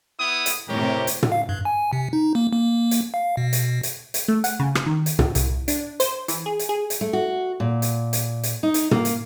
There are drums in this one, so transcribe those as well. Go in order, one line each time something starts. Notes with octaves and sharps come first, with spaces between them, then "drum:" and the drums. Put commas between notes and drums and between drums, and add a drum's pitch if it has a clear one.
B3 E4 D#6
drum: hi-hat
A2 C3 G4 A#4 C#5
drum: hi-hat
drum: tom
F5
G2
G#5
C3
D#4
A#3
A#3
A#3
drum: hi-hat
F5
B2
drum: hi-hat
drum: hi-hat
drum: hi-hat
A3
F#5, drum: hi-hat
C#3
drum: rim click
D#3
drum: hi-hat
C#2, drum: tom
C2, drum: hi-hat
D4, drum: hi-hat
C5, drum: hi-hat
E3, drum: hi-hat
G#4
drum: hi-hat
G#4
drum: hi-hat
A3
F#4
A#2
drum: hi-hat
drum: hi-hat
drum: hi-hat
D#4
drum: hi-hat
A#3, drum: tom
drum: hi-hat